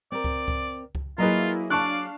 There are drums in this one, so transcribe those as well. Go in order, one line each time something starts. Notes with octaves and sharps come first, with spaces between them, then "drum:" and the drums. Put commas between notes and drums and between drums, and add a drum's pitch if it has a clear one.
C4 A#4 D5
drum: kick C#2
drum: kick C#2
drum: kick C#2
F#3 A#3 E4 F4 G#4 B4 D#5 A#5
D4 D5 F5 A5 C#6 F#6